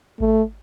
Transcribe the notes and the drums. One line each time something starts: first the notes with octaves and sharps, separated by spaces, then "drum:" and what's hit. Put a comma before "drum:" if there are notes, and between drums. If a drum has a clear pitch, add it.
A3, drum: kick G#1